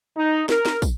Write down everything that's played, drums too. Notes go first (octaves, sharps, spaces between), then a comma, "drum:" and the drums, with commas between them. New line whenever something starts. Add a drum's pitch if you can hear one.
D#4
A#4, drum: snare
drum: snare
drum: kick, tambourine